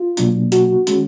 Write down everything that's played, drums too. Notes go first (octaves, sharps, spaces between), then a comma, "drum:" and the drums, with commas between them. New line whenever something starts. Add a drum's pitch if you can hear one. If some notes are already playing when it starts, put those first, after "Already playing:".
Already playing: F4
B2 F#3 A#3 D4, drum: hi-hat
F#4, drum: hi-hat
D#3 G#3 C#4, drum: hi-hat